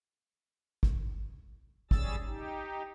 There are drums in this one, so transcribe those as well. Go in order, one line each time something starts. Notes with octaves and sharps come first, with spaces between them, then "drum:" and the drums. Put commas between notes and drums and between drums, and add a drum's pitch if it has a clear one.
drum: kick
G3 C#4 G#4 E6 A6, drum: kick
D#4 G4